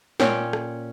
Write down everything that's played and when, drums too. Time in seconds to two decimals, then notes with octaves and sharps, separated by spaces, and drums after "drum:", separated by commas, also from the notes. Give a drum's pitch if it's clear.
0.20 A#2 C#4 C#5 G5, drum: snare
0.53 drum: rim click